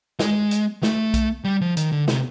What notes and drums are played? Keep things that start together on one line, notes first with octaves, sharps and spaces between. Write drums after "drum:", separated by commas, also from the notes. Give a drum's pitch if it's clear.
G#3, drum: snare
drum: hi-hat
A3, drum: snare
drum: kick B1, hi-hat
G3
F3
D#3, drum: hi-hat
D3
C3, drum: snare